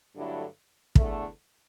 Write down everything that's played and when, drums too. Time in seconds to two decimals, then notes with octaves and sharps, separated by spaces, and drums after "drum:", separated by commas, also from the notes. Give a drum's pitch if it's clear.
0.15 G2 D3 F#3 A3 E4
0.95 E2 D3 A3, drum: kick